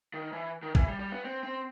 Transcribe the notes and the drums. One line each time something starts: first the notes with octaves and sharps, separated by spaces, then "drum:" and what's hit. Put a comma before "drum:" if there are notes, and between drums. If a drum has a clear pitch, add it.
D#3
E3
D#3
E3, drum: kick
G3
G3
B3
C4
C4